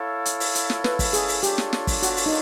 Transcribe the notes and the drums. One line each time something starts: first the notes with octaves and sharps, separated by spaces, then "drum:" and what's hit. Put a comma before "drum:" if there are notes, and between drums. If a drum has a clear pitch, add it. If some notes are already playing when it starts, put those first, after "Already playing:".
Already playing: E4 A4 C#5 F5
drum: hi-hat
drum: open hi-hat
drum: hi-hat
drum: snare
B4, drum: snare
drum: kick, open hi-hat
G#4, drum: hi-hat
drum: open hi-hat
D4 F4 G4 A4 C#5, drum: hi-hat
drum: snare
drum: snare
drum: kick, open hi-hat
F#4, drum: hi-hat
drum: open hi-hat
D#4